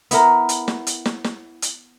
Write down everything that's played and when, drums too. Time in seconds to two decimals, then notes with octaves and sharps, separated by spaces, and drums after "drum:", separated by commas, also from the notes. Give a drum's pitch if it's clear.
0.11 B3 E4 A#4, drum: hi-hat
0.49 drum: hi-hat
0.68 drum: snare
0.87 drum: hi-hat
1.05 drum: snare
1.24 drum: snare
1.62 drum: hi-hat